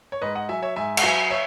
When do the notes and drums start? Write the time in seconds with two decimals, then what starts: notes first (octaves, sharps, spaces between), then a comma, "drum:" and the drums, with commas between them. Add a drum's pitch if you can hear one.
0.12 C#5
0.22 G#2 B4 D#5
0.35 D#5 F#5
0.49 F#3 E5 G#5
0.62 C#5 E5
0.76 G#2 E5 G#5
0.97 F#5, drum: cymbal
1.03 F#3 E5 G#5
1.30 C#5 E5